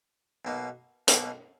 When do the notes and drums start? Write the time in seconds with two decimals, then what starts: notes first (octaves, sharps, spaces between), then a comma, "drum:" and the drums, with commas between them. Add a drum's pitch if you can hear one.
0.45 B1 B2 A#3 D#4
1.08 B1 B2 A#3 D#4, drum: hi-hat